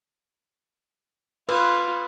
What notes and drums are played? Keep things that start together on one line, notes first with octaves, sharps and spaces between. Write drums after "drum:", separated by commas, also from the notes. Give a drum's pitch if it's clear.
F4 B4, drum: cymbal